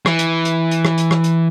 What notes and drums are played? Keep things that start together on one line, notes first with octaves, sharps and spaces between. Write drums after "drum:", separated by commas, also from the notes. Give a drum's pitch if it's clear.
E3, drum: rim click
drum: hi-hat
drum: hi-hat
drum: hi-hat
drum: rim click
drum: hi-hat
drum: rim click
drum: hi-hat